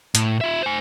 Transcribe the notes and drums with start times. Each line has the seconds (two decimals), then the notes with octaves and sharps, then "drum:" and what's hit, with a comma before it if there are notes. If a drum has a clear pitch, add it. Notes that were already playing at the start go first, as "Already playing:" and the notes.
0.15 A2, drum: hi-hat
0.41 F4 E5
0.62 C5 G#5